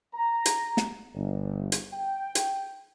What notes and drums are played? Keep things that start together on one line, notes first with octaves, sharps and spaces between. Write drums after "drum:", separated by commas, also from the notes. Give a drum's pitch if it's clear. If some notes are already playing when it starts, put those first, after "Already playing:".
A#5
drum: hi-hat
drum: snare
G1
drum: hi-hat
G5
drum: hi-hat